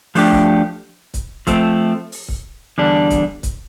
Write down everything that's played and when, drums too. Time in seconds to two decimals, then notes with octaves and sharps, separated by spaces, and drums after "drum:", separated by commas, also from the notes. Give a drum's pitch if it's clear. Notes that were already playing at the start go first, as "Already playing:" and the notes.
0.15 F3 A3 D4 G4, drum: open hi-hat
0.32 drum: kick C#1
1.14 drum: kick C#1, hi-hat
1.47 F3 A3 C4, drum: kick C#1, hi-hat
2.12 drum: open hi-hat
2.28 drum: kick C#1
2.78 E2 D3 G3 D4
3.10 drum: kick C#1, hi-hat
3.43 drum: kick C#1, hi-hat